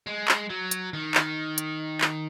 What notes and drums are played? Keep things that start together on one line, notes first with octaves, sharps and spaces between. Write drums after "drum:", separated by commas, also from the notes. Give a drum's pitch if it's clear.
G#3
drum: clap
F#3
drum: hi-hat
D#3
drum: clap
drum: hi-hat
drum: clap